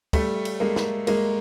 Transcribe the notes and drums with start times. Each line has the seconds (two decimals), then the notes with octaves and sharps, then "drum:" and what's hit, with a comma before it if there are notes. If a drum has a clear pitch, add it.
0.13 G3 A3, drum: kick, cymbal
0.45 drum: cymbal
0.60 G#3 A#3
0.76 drum: snare
1.07 G#3 A#3, drum: cymbal